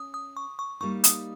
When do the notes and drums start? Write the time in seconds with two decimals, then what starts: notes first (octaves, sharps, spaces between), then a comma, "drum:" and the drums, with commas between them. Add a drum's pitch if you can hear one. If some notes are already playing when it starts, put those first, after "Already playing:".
Already playing: C#4 D#6
0.14 D#6
0.37 C#6
0.59 C#6
0.80 G3 A#3 D#4 C#6
1.04 D#6, drum: hi-hat